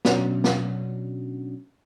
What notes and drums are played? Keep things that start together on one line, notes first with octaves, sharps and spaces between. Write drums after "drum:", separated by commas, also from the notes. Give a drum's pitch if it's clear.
B2 F#3 C#4 D4 F#4, drum: snare
drum: snare